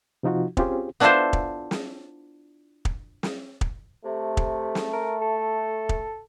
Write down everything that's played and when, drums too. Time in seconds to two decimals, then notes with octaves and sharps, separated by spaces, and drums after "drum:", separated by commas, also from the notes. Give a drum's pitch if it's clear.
0.23 C3 F3 D#4 F4 F#4
0.57 C4 C#4 F4 G4 G#4 C5, drum: kick
1.00 B3 D4 E4 F4 A4 C5
1.33 drum: kick
1.71 drum: snare
2.85 drum: kick
3.23 drum: snare
3.61 drum: kick
4.04 C3 A3
4.37 drum: kick
4.75 drum: snare
4.93 A#4
5.22 A4
5.89 drum: kick